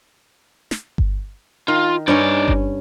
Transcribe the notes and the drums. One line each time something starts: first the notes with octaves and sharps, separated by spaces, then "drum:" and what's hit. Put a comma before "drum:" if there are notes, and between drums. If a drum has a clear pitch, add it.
drum: snare
drum: kick G1
D#3 F4
G2 C#4 D#4 C#5 D5
drum: kick G1